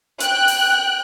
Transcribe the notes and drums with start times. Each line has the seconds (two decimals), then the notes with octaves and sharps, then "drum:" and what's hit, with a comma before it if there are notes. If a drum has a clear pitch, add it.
0.20 G5 F#6, drum: hi-hat
0.48 drum: open hi-hat